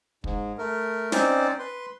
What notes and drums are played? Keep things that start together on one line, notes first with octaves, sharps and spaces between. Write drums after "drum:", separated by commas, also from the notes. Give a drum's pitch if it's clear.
G#2, drum: kick
A3 A#4
C4 C#4 D#4 C5 D5, drum: snare
B4 C6